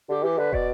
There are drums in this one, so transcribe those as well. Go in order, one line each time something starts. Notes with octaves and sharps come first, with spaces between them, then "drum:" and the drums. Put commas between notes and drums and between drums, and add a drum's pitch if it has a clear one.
D3 G4
E3 G4
D3 B4
B2 D5, drum: kick